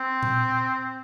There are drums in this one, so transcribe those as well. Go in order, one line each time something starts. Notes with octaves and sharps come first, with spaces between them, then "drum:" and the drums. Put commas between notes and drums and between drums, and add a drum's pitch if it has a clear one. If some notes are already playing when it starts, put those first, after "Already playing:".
Already playing: C4
drum: tom A#2